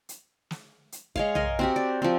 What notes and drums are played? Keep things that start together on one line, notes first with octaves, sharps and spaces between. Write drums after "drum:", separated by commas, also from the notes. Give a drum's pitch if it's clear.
drum: hi-hat
drum: snare
drum: hi-hat
G#3 C#5 F5, drum: kick
A#4 D#5 G#5, drum: tom
C4 F#4 G4
D5
F3 C4